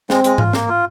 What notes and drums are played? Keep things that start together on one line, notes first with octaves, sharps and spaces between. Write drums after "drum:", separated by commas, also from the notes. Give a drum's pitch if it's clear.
G#3 C4, drum: snare
G#3, drum: hi-hat
F4, drum: tom G#2
A#3, drum: snare
F4